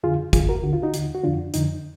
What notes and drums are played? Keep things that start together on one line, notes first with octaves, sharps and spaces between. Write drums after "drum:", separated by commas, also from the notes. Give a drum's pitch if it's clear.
F2 D3 F4 G#4
F2 D3 F4 G#4, drum: kick, hi-hat
F#4 A#4
D#2 D3 F#4
F4
D#4 F#4
D#2 D3, drum: hi-hat
F#4
F2 D3 D4 F4
F2 D3 D#4, drum: hi-hat